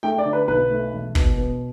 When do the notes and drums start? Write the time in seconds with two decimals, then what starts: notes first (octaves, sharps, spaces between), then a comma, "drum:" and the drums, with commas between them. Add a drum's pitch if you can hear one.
0.03 A3 G5
0.18 D5
0.25 D3
0.33 B4
0.48 B1 B4
0.71 A3
0.92 E1
1.15 B2, drum: kick
1.37 B3